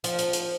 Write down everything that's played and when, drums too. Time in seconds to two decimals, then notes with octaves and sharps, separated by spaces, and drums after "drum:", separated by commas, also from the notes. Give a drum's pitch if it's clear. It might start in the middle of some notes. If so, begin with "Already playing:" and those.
0.04 F3, drum: hi-hat
0.18 drum: hi-hat
0.33 drum: hi-hat